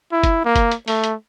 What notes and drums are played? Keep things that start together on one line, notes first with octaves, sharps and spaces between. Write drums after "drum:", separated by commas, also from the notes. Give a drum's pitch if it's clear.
E4
drum: kick, hi-hat
A#3
drum: kick, hi-hat
drum: hi-hat
A3, drum: open hi-hat
drum: hi-hat